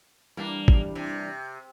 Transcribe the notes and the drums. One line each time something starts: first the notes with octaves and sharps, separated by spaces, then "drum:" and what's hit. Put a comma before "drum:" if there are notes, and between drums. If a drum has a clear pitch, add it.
E3 G3 A#3 D4
drum: kick
C3